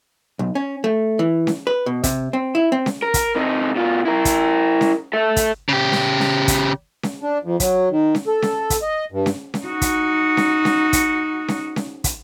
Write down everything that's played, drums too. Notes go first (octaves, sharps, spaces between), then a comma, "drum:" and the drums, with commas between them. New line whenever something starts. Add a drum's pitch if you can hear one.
B1
C#4
A3
E3
drum: snare C#4
B4
B2
C3, drum: kick, hi-hat
C4
E4
C4
drum: snare C#4
A#4
drum: kick, hi-hat
C3 D#4
B2 F4
E4 A#4
drum: kick, hi-hat
drum: snare C#4
A4 E5
drum: kick, hi-hat
C#3 G4
drum: snare C#4
drum: snare C#4
drum: kick, hi-hat
drum: snare C#4
D4
F2
F#3, drum: kick, hi-hat
D#3
drum: snare C#4
A4
drum: snare C#4
drum: kick, hi-hat
D#5
G2
drum: snare C#4
drum: snare C#4
D#4 F#4
drum: kick, hi-hat
drum: snare C#4
drum: snare C#4
drum: kick, hi-hat
drum: snare C#4
drum: snare C#4
drum: kick, hi-hat